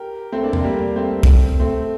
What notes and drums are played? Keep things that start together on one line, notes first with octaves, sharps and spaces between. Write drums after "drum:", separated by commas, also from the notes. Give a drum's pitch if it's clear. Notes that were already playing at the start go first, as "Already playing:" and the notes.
Already playing: G4 A#4
A3 C4
A#3 D4
A3 C4, drum: tom E2
G3 A#3
A3 C4
drum: kick
A3 C4